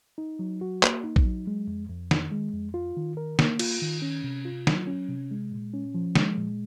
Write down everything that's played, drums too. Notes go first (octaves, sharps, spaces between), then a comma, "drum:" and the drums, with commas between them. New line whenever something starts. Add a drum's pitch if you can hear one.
D#4
F#3
F#4
A#3, drum: clap
D#4
drum: kick
F#3
G#3
F2
F2
D#3, drum: snare
G#3
F2
F4
D#3
A#4
A#3, drum: snare
F4, drum: cymbal
D#3
C#4
C3
F4
F#3, drum: snare
C#4
C3
G#3
A#2
C#4
F3
G#3, drum: snare
A#2